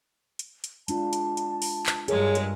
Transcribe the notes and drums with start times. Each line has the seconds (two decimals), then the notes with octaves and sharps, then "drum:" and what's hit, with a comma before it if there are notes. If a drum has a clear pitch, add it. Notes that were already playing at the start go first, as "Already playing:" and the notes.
0.39 drum: hi-hat
0.64 drum: hi-hat
0.88 G#3 D4 F4 A5, drum: hi-hat
1.13 drum: hi-hat
1.37 drum: hi-hat
1.62 drum: open hi-hat
1.86 drum: clap
2.08 G2 G#3 G#4 A#4 C#5, drum: hi-hat
2.35 drum: hi-hat